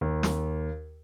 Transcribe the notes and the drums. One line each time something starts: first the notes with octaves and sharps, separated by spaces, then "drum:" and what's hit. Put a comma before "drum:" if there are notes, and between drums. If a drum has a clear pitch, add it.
D#2
drum: snare